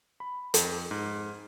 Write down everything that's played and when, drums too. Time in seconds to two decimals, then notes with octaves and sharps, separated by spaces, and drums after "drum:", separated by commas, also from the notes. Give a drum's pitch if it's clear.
0.20 B5
0.54 F2, drum: hi-hat
0.91 G#2